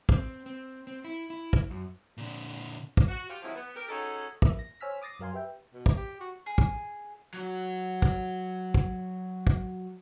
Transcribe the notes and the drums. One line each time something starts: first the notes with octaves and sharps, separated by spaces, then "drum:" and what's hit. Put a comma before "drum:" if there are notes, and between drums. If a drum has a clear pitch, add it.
C4, drum: kick
C4
C4
E4
E4
drum: kick
F#2
A#2 D3
drum: kick
F#4
F4 G4
D#3 F3 F#3 G#3 C4 E4
B3
G4 A#4
C#4 D#4 F#4 G#4 A4
F3 A#3 E5, drum: kick
A#6
C5 C#5 G#5 E6 F6 B6
D6 D#6 A6 A#6 C7
F#2 F#3 A#4 F5 G#5 C6
G4 B4 E5 G5
B2
drum: kick
G4
F#4
G#4
drum: kick
F#3 F#4
drum: kick
drum: kick
drum: kick